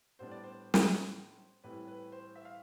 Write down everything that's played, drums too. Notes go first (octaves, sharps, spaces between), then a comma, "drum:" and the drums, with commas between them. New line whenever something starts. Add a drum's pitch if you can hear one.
A2 G3 B3 D4 C5
D5
C5
drum: snare
A2 E3 G3 C4 B4
B4
C5
E5
F5